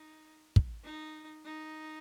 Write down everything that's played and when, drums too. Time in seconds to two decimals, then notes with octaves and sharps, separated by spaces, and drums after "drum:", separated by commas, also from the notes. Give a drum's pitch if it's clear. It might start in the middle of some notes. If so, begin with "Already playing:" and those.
Already playing: D#4
0.56 drum: kick
0.84 D#4
1.45 D#4